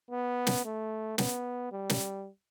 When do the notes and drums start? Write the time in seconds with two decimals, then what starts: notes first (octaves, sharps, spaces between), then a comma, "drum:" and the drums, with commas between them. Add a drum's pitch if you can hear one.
0.11 B3
0.47 drum: snare
0.65 A3
1.18 B3, drum: snare
1.72 G3
1.90 drum: snare